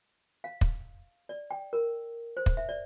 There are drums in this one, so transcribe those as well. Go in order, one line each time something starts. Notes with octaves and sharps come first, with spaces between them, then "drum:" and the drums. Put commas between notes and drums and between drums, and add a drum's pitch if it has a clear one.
F5
drum: kick
D5
G5
A#4
C5
drum: kick
E5
D5